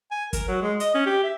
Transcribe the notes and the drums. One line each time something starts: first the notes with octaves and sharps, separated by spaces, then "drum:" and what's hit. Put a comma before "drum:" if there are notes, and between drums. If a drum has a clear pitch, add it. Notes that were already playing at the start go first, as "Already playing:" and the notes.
G#5
A#4, drum: kick, hi-hat
F#3
G#3
D#5, drum: hi-hat
C#4
G4
E5